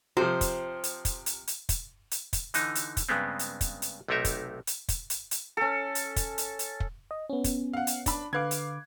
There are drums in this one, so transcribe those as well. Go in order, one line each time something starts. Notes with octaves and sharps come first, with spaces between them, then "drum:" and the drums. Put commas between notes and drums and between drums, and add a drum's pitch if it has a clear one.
C3 F3 C5
drum: kick, hi-hat
drum: hi-hat
drum: kick, hi-hat
drum: hi-hat
drum: hi-hat
drum: kick, hi-hat
drum: hi-hat
drum: kick, hi-hat
D3 E3 D#4, drum: hi-hat
drum: hi-hat
drum: kick, hi-hat
G2 C#3 G#3 B3 C4
drum: hi-hat
drum: kick, hi-hat
drum: hi-hat
B1 C3 A3 D#4 A#4 E5
drum: kick, hi-hat
drum: hi-hat
drum: kick, hi-hat
drum: hi-hat
drum: hi-hat
C#4 A4
drum: hi-hat
drum: kick, hi-hat
drum: hi-hat
drum: hi-hat
drum: kick
D#5
B3 C#4
drum: kick, hi-hat
F5 F#5
drum: hi-hat
D4 B5, drum: kick, hi-hat
D3 B4 F5 D6 F#6 G#6
drum: hi-hat